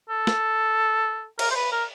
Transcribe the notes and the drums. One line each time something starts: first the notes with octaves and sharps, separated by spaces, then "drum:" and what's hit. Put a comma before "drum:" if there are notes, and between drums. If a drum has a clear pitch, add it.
A4
drum: snare
A#4, drum: cymbal
C5
B4
A#4